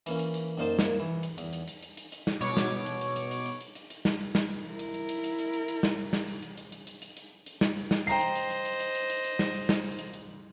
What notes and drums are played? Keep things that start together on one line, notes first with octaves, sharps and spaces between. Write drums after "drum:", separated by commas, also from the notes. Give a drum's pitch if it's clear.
E3 A#3 C#4, drum: hi-hat
drum: hi-hat
drum: hi-hat
F#2 A#2 A#3 D#4 C5 A5
drum: snare
E3
drum: hi-hat
E2, drum: hi-hat
drum: hi-hat
drum: hi-hat
drum: hi-hat
drum: hi-hat
drum: hi-hat
drum: snare
B2 C#5 D6, drum: open hi-hat
drum: snare
drum: open hi-hat
drum: hi-hat
drum: hi-hat
drum: hi-hat
drum: hi-hat
drum: hi-hat
drum: hi-hat
drum: hi-hat
drum: hi-hat
drum: snare
drum: open hi-hat
drum: snare
drum: open hi-hat
E4 A#4
drum: hi-hat
drum: hi-hat
drum: hi-hat
drum: hi-hat
drum: hi-hat
drum: hi-hat
drum: hi-hat
drum: snare
drum: open hi-hat
drum: snare
drum: open hi-hat
drum: hi-hat
drum: hi-hat
drum: hi-hat
drum: hi-hat
drum: hi-hat
drum: hi-hat
drum: hi-hat
drum: snare
drum: open hi-hat
drum: snare
C5 D#5 G5 A#5 C7, drum: open hi-hat
drum: hi-hat
drum: hi-hat
drum: hi-hat
drum: hi-hat
drum: hi-hat
drum: hi-hat
drum: hi-hat
drum: hi-hat
drum: snare
drum: open hi-hat
drum: snare
drum: open hi-hat
drum: hi-hat
drum: hi-hat